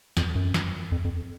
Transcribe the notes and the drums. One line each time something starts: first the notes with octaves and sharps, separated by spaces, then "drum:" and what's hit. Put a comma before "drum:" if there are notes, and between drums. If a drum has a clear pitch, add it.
F2, drum: snare
F#2
drum: snare
F2
F2